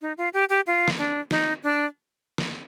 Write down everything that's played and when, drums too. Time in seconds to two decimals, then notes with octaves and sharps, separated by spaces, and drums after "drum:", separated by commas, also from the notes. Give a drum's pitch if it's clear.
0.02 D#4
0.18 F4
0.33 G4
0.49 G4
0.67 F4
0.88 drum: snare
0.98 D4
1.31 D#4, drum: snare
1.63 D4
2.38 drum: snare